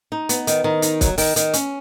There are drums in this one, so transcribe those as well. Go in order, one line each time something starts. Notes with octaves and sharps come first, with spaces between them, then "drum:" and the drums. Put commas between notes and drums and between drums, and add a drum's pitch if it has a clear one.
D#4
B3, drum: hi-hat
D#3, drum: hi-hat
D#3
D#4, drum: hi-hat
F#3, drum: kick, hi-hat
D#3, drum: open hi-hat
D#3, drum: hi-hat
C#4, drum: hi-hat